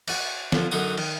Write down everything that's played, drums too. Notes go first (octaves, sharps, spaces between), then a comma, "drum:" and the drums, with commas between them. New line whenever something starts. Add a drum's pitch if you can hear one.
F#4 D5, drum: cymbal
D3 F3, drum: snare
F#2 D3 D#4 F#4 D#6
D#3, drum: cymbal